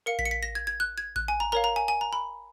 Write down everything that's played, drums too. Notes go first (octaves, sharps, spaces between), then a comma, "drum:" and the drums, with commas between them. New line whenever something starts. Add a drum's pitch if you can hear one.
A#4 F5 C#7
B6, drum: kick A1
C#7
B6
A#6
G#6
G#6
F#6
G#6
F#6, drum: kick A1
G#5
A#5
A#4 C#5 F5 A#5
A#5
G#5
G#5
A#5
B5